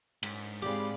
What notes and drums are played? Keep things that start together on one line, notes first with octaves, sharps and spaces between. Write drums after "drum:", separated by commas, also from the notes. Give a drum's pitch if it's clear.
G#2, drum: cymbal
G#3 C4 G4 D5 F5 B5